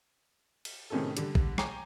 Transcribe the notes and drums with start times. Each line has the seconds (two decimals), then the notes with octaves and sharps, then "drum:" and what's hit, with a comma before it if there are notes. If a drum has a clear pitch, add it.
0.65 drum: cymbal
0.90 A2 C3 D#3 C#4 G#4 A4
1.17 D3 G3 D4, drum: hi-hat
1.35 drum: kick
1.58 G5 G#5 A#5 C#6 D6, drum: rim click